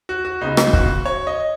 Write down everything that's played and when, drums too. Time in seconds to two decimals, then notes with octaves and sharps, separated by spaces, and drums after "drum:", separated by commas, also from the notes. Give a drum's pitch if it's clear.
0.09 F#4
0.25 F#4
0.41 C#2 C#3 B3 D#4
0.57 drum: rim click
0.73 F#4, drum: kick
1.05 C#5
1.27 D#5